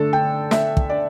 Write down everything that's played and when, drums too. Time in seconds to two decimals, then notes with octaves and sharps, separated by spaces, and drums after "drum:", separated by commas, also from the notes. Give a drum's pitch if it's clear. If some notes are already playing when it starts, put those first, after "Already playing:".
Already playing: D3 A3 D4 A4
0.13 G5
0.51 E5, drum: snare
0.77 drum: kick
0.90 D5